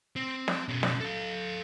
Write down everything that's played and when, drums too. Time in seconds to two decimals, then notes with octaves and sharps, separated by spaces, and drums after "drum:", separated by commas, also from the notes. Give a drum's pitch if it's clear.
0.16 C4
0.48 drum: snare
0.68 B2 C#4
0.83 drum: snare
1.00 A4 F5